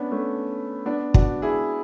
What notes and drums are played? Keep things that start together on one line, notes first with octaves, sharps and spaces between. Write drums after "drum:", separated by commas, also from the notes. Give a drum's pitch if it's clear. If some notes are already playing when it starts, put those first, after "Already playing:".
Already playing: B3 C#4 D4
A3 C#4
B3 D4
D4 F#4, drum: kick
E4 G#4